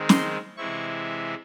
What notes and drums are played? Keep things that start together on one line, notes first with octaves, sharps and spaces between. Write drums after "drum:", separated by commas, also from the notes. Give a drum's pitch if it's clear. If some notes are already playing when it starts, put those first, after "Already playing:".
Already playing: D#3 G#3 C4
C6, drum: snare
C3 E3 G#3 C4 E4 C#6